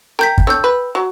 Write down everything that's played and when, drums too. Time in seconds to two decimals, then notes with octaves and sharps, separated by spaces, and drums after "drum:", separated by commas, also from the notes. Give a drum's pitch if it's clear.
0.19 A#4 G5 G6 B6
0.38 drum: kick
0.47 D3 C#5 E6 G6
0.64 B4
0.95 F#3